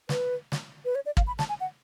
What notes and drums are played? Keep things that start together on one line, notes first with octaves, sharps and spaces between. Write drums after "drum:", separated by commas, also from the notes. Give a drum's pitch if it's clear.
B4, drum: snare
drum: snare
B4
C#5
D5
F5, drum: kick
B5
A5, drum: snare
G#5
F#5